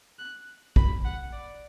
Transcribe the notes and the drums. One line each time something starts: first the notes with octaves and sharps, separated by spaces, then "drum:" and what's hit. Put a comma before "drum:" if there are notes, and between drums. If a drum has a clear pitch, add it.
F#6
B5, drum: kick
F#5
D5